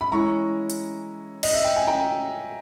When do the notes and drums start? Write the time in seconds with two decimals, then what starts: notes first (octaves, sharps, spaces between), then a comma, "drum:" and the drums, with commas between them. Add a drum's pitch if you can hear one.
0.01 B5
0.12 E3 G#3 C#4 E4 A#5 C#6
0.70 drum: hi-hat
1.43 D#5, drum: cymbal
1.53 E5
1.64 G5
1.76 G#5
1.87 G5 A#5